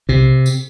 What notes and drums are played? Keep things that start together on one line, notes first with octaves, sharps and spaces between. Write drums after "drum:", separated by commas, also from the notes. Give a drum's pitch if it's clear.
C3, drum: kick B1
drum: tambourine